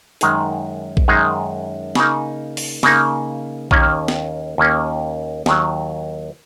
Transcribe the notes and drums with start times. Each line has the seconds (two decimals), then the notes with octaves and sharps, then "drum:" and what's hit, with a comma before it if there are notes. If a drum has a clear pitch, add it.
0.21 F#2 D#3 G#3 D#4 G#4, drum: hi-hat
0.97 drum: kick A#1
1.08 F#2 D#3 G#3 D#4 G#4
1.95 C#3 A#3 D#4, drum: snare
2.57 drum: open hi-hat
2.83 C#3 A#3 D#4, drum: snare
3.71 D#2 D#3 A#3 C#4, drum: kick A#1
4.08 drum: snare
4.58 D#2 D#3 A#3 C#4
5.46 D#2 D#3 F#3, drum: snare